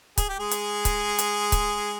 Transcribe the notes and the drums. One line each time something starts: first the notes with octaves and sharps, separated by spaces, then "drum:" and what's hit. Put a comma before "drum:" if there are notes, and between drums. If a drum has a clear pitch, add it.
G#4, drum: kick C#1, hi-hat
G4
G#3 G#4
drum: hi-hat
drum: kick C#1, hi-hat
drum: hi-hat
drum: kick C#1, hi-hat